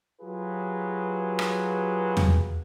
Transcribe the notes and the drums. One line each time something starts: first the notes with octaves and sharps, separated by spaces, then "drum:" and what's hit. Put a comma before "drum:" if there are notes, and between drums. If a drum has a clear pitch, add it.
F#3 F4 G4 G#4 B4
drum: rim click
drum: tom E2